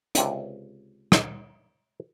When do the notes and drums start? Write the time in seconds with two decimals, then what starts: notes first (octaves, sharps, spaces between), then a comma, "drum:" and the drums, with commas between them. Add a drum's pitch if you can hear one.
0.15 C#2 C3 D5, drum: hi-hat
1.12 drum: rim click